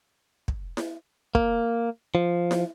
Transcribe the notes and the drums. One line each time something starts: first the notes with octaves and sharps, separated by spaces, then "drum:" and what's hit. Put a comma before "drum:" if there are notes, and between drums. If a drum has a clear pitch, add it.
drum: kick
drum: snare E4
A#3, drum: kick
F3
drum: snare E4